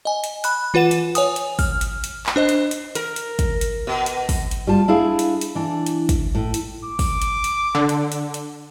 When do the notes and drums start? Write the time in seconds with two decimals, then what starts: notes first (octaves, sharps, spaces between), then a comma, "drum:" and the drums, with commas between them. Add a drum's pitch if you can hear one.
0.05 D#5 G#5
0.24 drum: hi-hat
0.44 B5 F#6, drum: hi-hat
0.74 E3 F4 B4 F#5 E7
0.91 drum: hi-hat
1.15 C#5 G#5 D#6, drum: hi-hat
1.36 drum: hi-hat
1.59 F6, drum: kick, open hi-hat
1.81 drum: hi-hat
2.04 drum: hi-hat
2.26 drum: clap
2.36 D4 C5 D#5
2.49 drum: hi-hat
2.71 drum: hi-hat
2.95 A#4, drum: hi-hat
3.16 drum: hi-hat
3.39 drum: kick, hi-hat
3.61 drum: hi-hat
3.87 B2
4.06 drum: hi-hat
4.29 drum: kick, open hi-hat
4.51 drum: hi-hat
4.67 G3 F4 A5
4.88 D4 E4 G#4 F5
5.19 drum: hi-hat
5.41 drum: hi-hat
5.55 E3 D4
5.86 drum: hi-hat
6.09 drum: kick, hi-hat
6.35 A2
6.54 drum: hi-hat
6.85 D6
6.99 drum: kick, open hi-hat
7.22 drum: hi-hat
7.44 drum: hi-hat
7.75 D3
7.89 drum: hi-hat
8.12 drum: hi-hat
8.34 drum: hi-hat